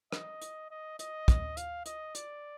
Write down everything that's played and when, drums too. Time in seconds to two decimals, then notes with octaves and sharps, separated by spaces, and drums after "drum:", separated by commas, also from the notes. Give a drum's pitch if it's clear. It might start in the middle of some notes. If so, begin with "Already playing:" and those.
0.12 D#5, drum: rim click
0.42 drum: hi-hat
0.71 D#5
0.99 D#5, drum: hi-hat
1.28 drum: kick, hi-hat
1.57 F5, drum: hi-hat
1.86 D#5, drum: hi-hat
2.15 D5, drum: hi-hat